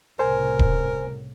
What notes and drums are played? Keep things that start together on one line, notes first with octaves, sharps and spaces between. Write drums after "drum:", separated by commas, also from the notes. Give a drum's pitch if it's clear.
C2 A2 C#3 A#4 C5 G#5
drum: kick D#1